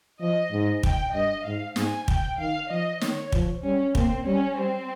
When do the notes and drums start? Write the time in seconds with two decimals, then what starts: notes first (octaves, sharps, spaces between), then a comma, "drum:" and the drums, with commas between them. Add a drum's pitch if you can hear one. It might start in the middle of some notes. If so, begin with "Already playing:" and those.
0.20 F3 D#5
0.52 G#2
0.83 G5, drum: kick
1.13 G2 D#5
1.45 G#2 F5
1.76 G#2 G#5, drum: snare
2.08 G5, drum: kick
2.39 D#3 F5
2.70 F3 D#5
3.01 D#3 C#5, drum: snare
3.32 F3, drum: kick
3.63 G3 C#4
3.95 A#3 C4, drum: kick
4.26 G3 C#4
4.57 G3 C4